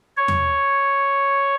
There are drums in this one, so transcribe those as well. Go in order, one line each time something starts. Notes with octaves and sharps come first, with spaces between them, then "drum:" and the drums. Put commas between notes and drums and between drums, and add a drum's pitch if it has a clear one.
C#5
drum: tom E2